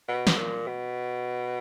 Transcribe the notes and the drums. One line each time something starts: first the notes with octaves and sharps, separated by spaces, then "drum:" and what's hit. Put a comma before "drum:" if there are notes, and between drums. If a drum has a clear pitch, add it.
B2
drum: snare
A#2
B2